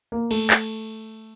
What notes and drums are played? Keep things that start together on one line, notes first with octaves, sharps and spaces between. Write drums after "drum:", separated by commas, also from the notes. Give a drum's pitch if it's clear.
A#3
A3, drum: cymbal
drum: clap